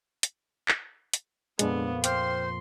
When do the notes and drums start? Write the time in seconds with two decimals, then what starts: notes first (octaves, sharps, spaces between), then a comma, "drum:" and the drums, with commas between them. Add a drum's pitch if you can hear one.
0.23 drum: hi-hat
0.68 drum: clap
1.13 drum: hi-hat
1.59 F2 A#2 G#3 B3 D4, drum: hi-hat
2.04 C5 G5 C6 D6 F6, drum: hi-hat